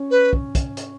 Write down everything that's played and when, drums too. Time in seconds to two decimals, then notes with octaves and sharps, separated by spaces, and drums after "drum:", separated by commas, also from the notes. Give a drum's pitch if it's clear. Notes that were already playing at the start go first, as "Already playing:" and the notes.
Already playing: C#4
0.11 B4
0.33 drum: kick
0.55 drum: kick, hi-hat
0.77 drum: hi-hat